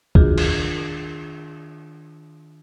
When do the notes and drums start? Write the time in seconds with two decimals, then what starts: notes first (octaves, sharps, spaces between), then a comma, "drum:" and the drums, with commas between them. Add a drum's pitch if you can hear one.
0.15 D#3 D4 F4 F#4 G#4, drum: kick
0.38 drum: cymbal